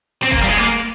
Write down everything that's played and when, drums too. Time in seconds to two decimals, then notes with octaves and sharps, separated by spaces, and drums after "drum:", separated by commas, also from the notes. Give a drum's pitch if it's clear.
0.23 C4
0.32 A#3, drum: kick F1, hi-hat
0.43 G3
0.50 G#3, drum: hi-hat
0.58 A#3